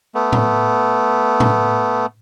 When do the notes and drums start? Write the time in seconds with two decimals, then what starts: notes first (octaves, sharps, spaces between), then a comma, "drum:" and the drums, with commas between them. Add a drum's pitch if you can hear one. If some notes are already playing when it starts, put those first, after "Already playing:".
0.15 A3 B3
0.33 drum: tom A2
1.40 drum: tom A2